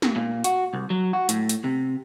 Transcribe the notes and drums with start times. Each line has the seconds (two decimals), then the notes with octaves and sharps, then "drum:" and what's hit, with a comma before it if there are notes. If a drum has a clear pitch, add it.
0.02 drum: snare
0.16 A#2
0.44 F#4, drum: hi-hat
0.73 C2
0.90 F#3
1.13 F#4
1.29 A2, drum: hi-hat
1.49 drum: hi-hat
1.64 C3